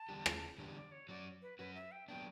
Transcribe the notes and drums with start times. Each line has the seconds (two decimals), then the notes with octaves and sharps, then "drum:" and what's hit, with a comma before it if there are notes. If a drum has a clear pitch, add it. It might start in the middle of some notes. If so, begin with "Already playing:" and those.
Already playing: A5
0.09 E2 D3 G3 D4 G4
0.26 drum: rim click
0.58 E2 D3 G3 D4 G4
0.76 D5
0.92 C#5
1.09 F#3 C#4 F#4 D5
1.42 B4
1.59 F#3 C#4 F#4 B4
1.75 E5
1.92 G5
2.08 F#3 B3 D4 G5